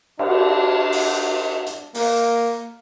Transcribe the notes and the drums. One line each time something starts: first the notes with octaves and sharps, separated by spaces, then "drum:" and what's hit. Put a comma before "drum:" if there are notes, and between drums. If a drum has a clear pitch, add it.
D4, drum: cymbal
drum: open hi-hat
drum: hi-hat
A#3, drum: open hi-hat